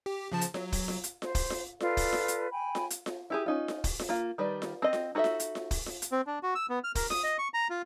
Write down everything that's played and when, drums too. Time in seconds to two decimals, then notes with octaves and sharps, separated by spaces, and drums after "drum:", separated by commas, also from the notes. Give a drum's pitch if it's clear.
0.06 G4
0.32 C#3 F3 A5
0.41 drum: hi-hat
0.54 F#3, drum: snare F4
0.72 drum: kick, open hi-hat
0.88 drum: snare F4
1.04 drum: hi-hat
1.22 C5, drum: snare F4
1.35 drum: kick, open hi-hat
1.50 drum: snare F4
1.80 F4 A4 B4 D5, drum: snare F4
1.97 drum: kick, open hi-hat
2.13 drum: snare F4
2.28 drum: hi-hat
2.51 G5 G#5 B5
2.75 drum: snare F4
2.90 drum: hi-hat
3.06 drum: snare F4
3.30 E4 G4 G#4
3.46 C#4 D#4 F4
3.68 drum: snare F4
3.84 drum: kick, open hi-hat
3.99 drum: snare F4
4.09 A#3 F4
4.38 D#3 G3 B4 D5
4.62 drum: snare F4
4.82 C4 D#5
4.93 drum: snare F4
5.15 D#4 F#4 A4 D#5 E5
5.24 drum: snare F4
5.40 drum: hi-hat
5.55 drum: snare F4
5.71 drum: kick, open hi-hat
5.86 drum: snare F4
6.02 drum: hi-hat
6.12 C4
6.27 D4
6.43 F#4
6.55 E6
6.69 B3
6.84 F6
6.95 A#4, drum: kick, open hi-hat
7.10 D#6, drum: snare F4
7.23 D#5
7.38 C#6
7.54 A#5
7.70 F4